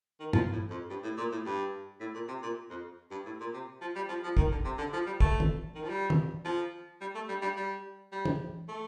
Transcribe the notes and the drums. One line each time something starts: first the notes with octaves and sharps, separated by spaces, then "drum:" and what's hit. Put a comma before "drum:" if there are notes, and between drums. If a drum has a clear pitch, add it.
D#3
F3, drum: tom
A2
F2
G2
A2
A#2
A2
G2
A2
A#2
C3
A#2
F2
G2
A2
A#2
C3
F3
G3
F3
F3
D#3, drum: kick
D3
C3
D3
F3
G3
A3, drum: kick
drum: tom
D#3
F3
G3
drum: tom
F3
G3
A3
G3
G3
G3
G3
drum: tom
A3